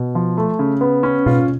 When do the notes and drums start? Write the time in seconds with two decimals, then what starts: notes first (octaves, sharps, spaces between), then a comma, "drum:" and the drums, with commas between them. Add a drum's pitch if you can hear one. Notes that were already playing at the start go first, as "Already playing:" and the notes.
Already playing: B2
0.15 F3
0.37 A3
0.59 C#3
0.81 B3
1.03 C#4
1.26 F4, drum: tom B2